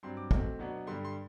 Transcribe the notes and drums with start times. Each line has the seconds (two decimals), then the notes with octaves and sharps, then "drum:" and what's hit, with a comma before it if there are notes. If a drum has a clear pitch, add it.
0.03 G2 F#3 C4 C6
0.17 D6
0.31 B2 A3 C4, drum: kick
0.59 B2 F#3 B3 D4
0.87 G2 D3 G3 C6
1.04 C6